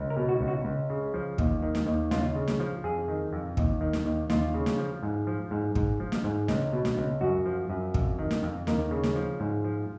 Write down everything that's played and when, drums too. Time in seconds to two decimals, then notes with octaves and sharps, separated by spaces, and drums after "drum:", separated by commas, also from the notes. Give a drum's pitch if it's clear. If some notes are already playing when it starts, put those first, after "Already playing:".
Already playing: C#2
0.10 A#4
0.17 B2
0.29 F#4
0.41 C#2
0.48 F#4
0.65 C#2
0.90 C#3
1.14 F3
1.38 D#2, drum: kick
1.62 D#3
1.75 drum: snare
1.87 D#2
2.11 C#2 F4, drum: snare
2.35 C#3
2.48 drum: snare
2.60 F3
2.84 F2 G#4
3.08 D#3
3.33 F2
3.57 D#2, drum: kick
3.81 D#3
3.93 drum: snare
4.05 D#2
4.30 D#2 F4, drum: snare
4.54 C#3
4.66 drum: snare
4.78 F3
5.03 G#2
5.27 F3
5.51 G#2
5.75 G#2, drum: kick
6.00 F3
6.12 drum: snare
6.24 G#2
6.48 C#2, drum: snare
6.73 B2
6.85 drum: snare
6.97 C#2
7.21 F#2 F#4
7.46 F3
7.70 F#2
7.94 F2, drum: kick
8.19 D#3
8.31 drum: snare
8.43 F2
8.67 D#2 A#4, drum: snare
8.91 C#3
9.03 drum: snare
9.16 F3
9.40 G#2
9.64 F3